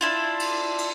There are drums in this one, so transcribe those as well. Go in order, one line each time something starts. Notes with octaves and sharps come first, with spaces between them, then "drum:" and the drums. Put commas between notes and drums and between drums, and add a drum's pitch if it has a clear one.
D4 E4 F4
drum: cymbal
drum: cymbal